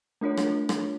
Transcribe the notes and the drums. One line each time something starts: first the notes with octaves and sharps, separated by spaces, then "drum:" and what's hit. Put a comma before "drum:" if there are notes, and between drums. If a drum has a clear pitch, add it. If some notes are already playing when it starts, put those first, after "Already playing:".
A3 D4 F4 A#4 C#5
drum: rim click
drum: rim click